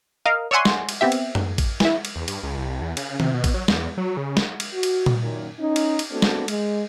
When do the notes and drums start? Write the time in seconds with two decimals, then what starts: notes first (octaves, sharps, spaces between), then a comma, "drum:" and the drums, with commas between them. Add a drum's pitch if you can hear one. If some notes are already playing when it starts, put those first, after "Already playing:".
0.26 A#4 D#5 F5
0.51 C#5 D5 E5 F#5 G#5 C6
0.65 drum: snare
0.89 drum: cymbal
1.01 B3 C4 G4 E5
1.12 drum: cymbal
1.35 drum: tom F#2
1.58 drum: kick A1, cymbal
1.80 E3 E4, drum: snare
2.05 drum: cymbal
2.16 E2
2.28 G2, drum: cymbal
2.43 C#2
2.58 C2
2.82 E2
2.97 C#3, drum: cymbal
3.20 C3, drum: tom D#3
3.34 B2
3.44 drum: kick A1, cymbal
3.54 F#3
3.68 E2, drum: snare
3.97 F#3
4.17 C#3
4.37 drum: snare
4.60 drum: cymbal
4.73 F#4
4.83 drum: cymbal
5.06 drum: tom A#2
5.21 F#2 A#2 D#3
5.59 C#4 D#4
5.76 drum: cymbal
5.99 drum: cymbal
6.11 A3 B3 C4 D4 F#4 A4
6.22 drum: snare
6.48 G#3, drum: cymbal